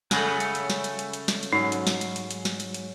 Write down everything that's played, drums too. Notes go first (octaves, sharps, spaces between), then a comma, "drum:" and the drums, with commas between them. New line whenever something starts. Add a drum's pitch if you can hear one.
C#3 A3 G#4 F#5, drum: snare
drum: hi-hat
drum: hi-hat
drum: snare
drum: hi-hat
drum: hi-hat
drum: hi-hat
drum: snare
drum: hi-hat
G#2 F#3 D#4
drum: hi-hat
drum: snare
drum: hi-hat
drum: hi-hat
drum: hi-hat
drum: snare
drum: hi-hat
drum: hi-hat